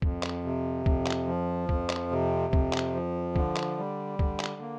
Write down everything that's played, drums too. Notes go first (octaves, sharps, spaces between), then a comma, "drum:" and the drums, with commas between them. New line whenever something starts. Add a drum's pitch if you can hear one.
F2, drum: kick
drum: clap
C3
F2, drum: kick
drum: clap
F3
F2, drum: kick
drum: clap
C3
F2, drum: kick
drum: clap
F3
D3, drum: kick
drum: clap
G3
D3, drum: kick
drum: clap
A#3